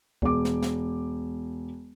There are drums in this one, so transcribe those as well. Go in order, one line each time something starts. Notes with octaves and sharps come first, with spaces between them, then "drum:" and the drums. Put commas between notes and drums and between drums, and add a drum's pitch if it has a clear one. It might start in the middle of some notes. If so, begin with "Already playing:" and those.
E1 D6, drum: kick
drum: snare
drum: snare